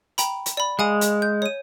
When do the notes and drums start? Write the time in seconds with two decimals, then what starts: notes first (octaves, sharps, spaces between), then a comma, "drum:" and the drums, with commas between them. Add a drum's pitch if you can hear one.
0.18 G5 A#5 B5, drum: hi-hat
0.46 drum: hi-hat
0.57 D5 B5
0.79 G#3 F5 G#5 D#6
1.01 drum: hi-hat
1.22 G6
1.42 C#5 D#7